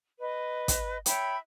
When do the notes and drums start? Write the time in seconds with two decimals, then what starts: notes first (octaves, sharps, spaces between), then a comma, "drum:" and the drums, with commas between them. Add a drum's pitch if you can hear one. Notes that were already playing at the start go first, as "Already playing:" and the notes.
0.20 B4 D#5
0.68 drum: kick, hi-hat
1.06 C#5 E5 G5 B5, drum: hi-hat